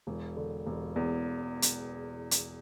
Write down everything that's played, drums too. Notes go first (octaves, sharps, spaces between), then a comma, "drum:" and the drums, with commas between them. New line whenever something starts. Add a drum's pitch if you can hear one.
E1
D3
E1
E2
drum: hi-hat
drum: hi-hat